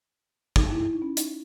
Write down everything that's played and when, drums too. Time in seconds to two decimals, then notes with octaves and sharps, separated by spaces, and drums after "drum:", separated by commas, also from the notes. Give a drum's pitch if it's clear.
0.56 D#4, drum: kick
0.71 E4
0.93 D#4
1.02 C#4
1.17 D#4, drum: hi-hat